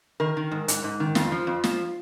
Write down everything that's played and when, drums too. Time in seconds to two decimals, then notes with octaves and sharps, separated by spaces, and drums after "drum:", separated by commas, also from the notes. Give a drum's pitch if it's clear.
0.20 D#3 A#4
0.37 D#3
0.52 G#2
0.68 G#2, drum: hi-hat
0.84 G#2
1.00 D#3
1.15 F2 F4, drum: snare
1.32 F3
1.47 F2
1.64 F3, drum: snare